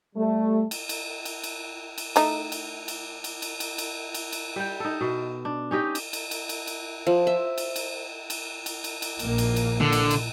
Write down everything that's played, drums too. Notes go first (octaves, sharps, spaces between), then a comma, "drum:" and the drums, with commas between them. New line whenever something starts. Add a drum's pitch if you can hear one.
G3 A3
drum: cymbal
drum: cymbal
drum: cymbal
drum: cymbal
drum: cymbal
A3 D#4, drum: cymbal
drum: cymbal
drum: cymbal
drum: cymbal
drum: cymbal
drum: cymbal
drum: cymbal
drum: cymbal
drum: cymbal
G3 G5
D#4 A4
B2
D4
C#4 D#4 G4 D#5
drum: cymbal
drum: cymbal
drum: cymbal
drum: cymbal
drum: cymbal
F3
E5
drum: cymbal
drum: cymbal
drum: cymbal
drum: cymbal
drum: cymbal
drum: cymbal
A#1 A#3, drum: cymbal
drum: cymbal
drum: cymbal
D3
drum: cymbal
drum: cymbal